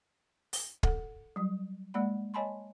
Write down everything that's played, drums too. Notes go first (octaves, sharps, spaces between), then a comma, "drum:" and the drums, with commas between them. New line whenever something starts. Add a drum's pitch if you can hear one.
drum: open hi-hat
A4 F#5, drum: kick
F#3 G3
G#3 A#3 D5 F#5 B5
C#5 D#5 G#5 A5 B5 C6